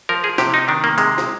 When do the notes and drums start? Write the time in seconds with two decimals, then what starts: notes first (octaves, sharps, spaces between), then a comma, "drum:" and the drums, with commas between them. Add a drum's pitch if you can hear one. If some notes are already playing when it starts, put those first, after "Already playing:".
0.09 F3 A#4
0.24 G#4
0.38 C3 G4, drum: snare
0.54 D#4
0.68 D#3 D4
0.84 A#3
0.98 C3 G#3, drum: tambourine
1.18 drum: snare